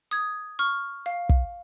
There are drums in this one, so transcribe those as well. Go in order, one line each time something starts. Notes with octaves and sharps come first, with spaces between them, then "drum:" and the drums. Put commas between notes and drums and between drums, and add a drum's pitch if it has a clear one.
D#6 G#6
C#6 F6
F5
drum: kick